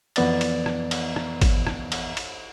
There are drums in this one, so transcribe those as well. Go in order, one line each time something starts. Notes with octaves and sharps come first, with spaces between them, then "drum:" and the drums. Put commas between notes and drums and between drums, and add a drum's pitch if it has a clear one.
F2 E3 B3 D5 A6, drum: cymbal
drum: cymbal
drum: rim click
drum: cymbal
drum: rim click
drum: kick G#1, cymbal
drum: rim click
drum: cymbal
drum: cymbal